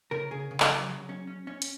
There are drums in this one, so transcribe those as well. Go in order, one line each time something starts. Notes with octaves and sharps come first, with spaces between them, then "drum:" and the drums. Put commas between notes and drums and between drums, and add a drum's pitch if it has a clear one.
C#3 A#4
C#3 G#4
C#3
drum: clap
F#3
F#3
C#4
C#4
C#4
drum: hi-hat